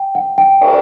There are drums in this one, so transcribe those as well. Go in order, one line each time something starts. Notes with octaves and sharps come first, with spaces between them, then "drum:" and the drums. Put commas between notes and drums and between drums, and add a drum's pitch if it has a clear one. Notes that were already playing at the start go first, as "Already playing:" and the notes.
Already playing: G5
F#5
G5
drum: cymbal